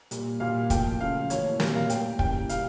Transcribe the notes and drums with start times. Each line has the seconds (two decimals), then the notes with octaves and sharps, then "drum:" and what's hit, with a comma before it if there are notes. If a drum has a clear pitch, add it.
0.11 A#2 G3 A#3, drum: hi-hat
0.40 A#2 G3 A#3 F5
0.70 A2 F3 A#3 G5, drum: kick, hi-hat
1.00 C#3 F3 A3 F5
1.30 A2 E3 A#3 C#5, drum: hi-hat
1.60 A#2 G3 A#3 A#4, drum: snare
1.75 F5
1.90 A2 G3 A#3 G5, drum: hi-hat
2.19 C#3 E3 G3 A#3 G5, drum: kick
2.49 A#2 G3 A#3 F5, drum: hi-hat